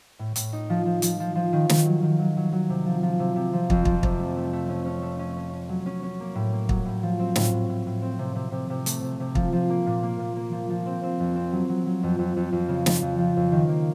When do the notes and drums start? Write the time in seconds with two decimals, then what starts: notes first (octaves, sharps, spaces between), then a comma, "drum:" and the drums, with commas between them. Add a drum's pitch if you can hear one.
0.19 A2
0.36 A2, drum: hi-hat
0.53 D#4
0.70 F3
0.85 F3
1.02 F3, drum: hi-hat
1.20 F3
1.35 F3
1.53 D#3
1.70 D#3, drum: snare
1.85 F#3
2.03 D#3
2.19 F#3
2.37 F#3
2.52 F#3
2.69 C3
2.86 F3
3.03 F3
3.19 C3
3.36 C3
3.53 F3
3.70 F2, drum: kick
3.85 F3, drum: kick
4.03 C3, drum: kick
4.19 A3
4.36 A3
4.53 A3
4.69 C#4
4.86 C#4
5.02 A3
5.19 C#4
5.37 C#4
5.53 C#4
5.69 F#3
5.86 C#4
6.03 C#4
6.20 A#3
6.35 A2
6.52 A#3
6.69 F#3, drum: kick
6.85 A2
7.03 F3
7.19 C4
7.36 A2, drum: snare
7.53 A2
7.69 A2
7.86 A2
8.02 C4
8.19 C3
8.35 C3
8.52 C3
8.70 C3
8.86 A3, drum: hi-hat
9.02 C3
9.20 C3
9.35 F3, drum: kick
9.53 F3
9.69 A#3
9.86 A#2
10.03 A#3
10.19 A#2
10.36 A#3
10.53 F3
10.70 F3
10.86 C4
11.03 C4
11.20 F2
11.36 C4
11.52 F#3
11.69 F#3
11.86 F#3
12.03 F2
12.19 F2
12.36 F2
12.52 F2
12.69 C#3
12.86 F3, drum: snare
13.02 F2
13.19 F3
13.36 F2
13.52 D#3
13.69 A#3